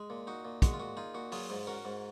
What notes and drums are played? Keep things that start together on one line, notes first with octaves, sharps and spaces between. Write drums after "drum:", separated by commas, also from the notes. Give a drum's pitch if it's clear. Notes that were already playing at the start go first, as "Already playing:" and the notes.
Already playing: G#3
A#2
D#4 F#4
A#2
G#3 F#4, drum: kick, hi-hat
F4
A#2 F#4
D#4 F4 G#4
A#2 F#4
F#3 F4 G#4, drum: open hi-hat
G#2
C#4 F#4 A#4
G#2